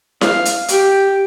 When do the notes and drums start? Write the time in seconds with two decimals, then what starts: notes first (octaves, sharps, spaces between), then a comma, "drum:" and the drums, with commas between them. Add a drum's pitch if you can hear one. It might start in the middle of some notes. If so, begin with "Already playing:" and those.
0.21 F5, drum: snare E4
0.45 drum: hi-hat
0.68 G4, drum: hi-hat